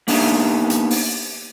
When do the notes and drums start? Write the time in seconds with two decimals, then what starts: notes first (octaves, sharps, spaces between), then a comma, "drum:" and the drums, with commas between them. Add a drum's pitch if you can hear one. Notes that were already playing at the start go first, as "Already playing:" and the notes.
0.08 A#3 B3 D4 D#4 G4 E5, drum: open hi-hat
0.70 drum: hi-hat
0.91 drum: open hi-hat